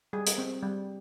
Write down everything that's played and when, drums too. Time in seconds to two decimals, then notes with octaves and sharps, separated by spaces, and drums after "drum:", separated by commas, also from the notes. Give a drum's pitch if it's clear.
0.13 G3 G#4
0.27 drum: hi-hat
0.38 C4
0.63 G3